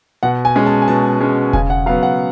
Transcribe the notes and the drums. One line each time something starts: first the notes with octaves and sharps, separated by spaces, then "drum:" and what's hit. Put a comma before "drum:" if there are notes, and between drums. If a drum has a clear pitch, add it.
B2 F#5
G#5
G#3 C#4
A5
G#5
B2 A5
G#3 C#4
C#3 G#5, drum: kick E1
F#5
F#3 B3 F5
F#5